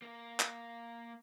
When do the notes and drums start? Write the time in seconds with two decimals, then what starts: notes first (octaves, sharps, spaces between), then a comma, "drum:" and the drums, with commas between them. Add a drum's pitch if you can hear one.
0.02 A#3 A#4
0.40 drum: clap